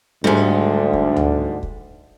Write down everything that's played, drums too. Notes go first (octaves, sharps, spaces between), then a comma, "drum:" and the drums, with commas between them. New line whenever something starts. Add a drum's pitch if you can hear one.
D2 G#2 D3 G3 G#3
drum: kick
drum: tom D2
drum: kick